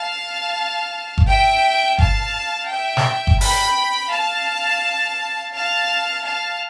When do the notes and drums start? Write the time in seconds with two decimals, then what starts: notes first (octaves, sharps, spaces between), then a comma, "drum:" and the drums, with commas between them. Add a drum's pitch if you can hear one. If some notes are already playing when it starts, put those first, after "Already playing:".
Already playing: F5 A5
1.18 drum: kick G1
1.27 E5 G5
1.99 F5 A5, drum: kick G1
2.69 E5 G5
2.97 drum: snare
3.27 drum: kick G1
3.41 G5 B5, drum: open hi-hat
4.12 F5 A5
5.55 F5 A5
6.25 F5 A5